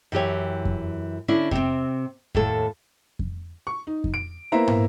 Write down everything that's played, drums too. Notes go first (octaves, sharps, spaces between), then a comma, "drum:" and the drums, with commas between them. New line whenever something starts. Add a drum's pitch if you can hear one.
F#2 E3 G4 C#5
drum: kick F2
D3 C#4 D4 E4
C3 C4, drum: kick F2
D#2 A2 A4, drum: kick F2
drum: kick F2
C#6
D#4
drum: kick F2
D7
A#3 B3 E4 C5 E5 A#5
drum: tom